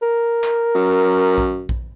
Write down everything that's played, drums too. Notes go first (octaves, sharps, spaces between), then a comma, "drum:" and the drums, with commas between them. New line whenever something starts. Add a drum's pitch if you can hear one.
A#4
drum: clap
F#2
drum: kick A#1
drum: kick A#1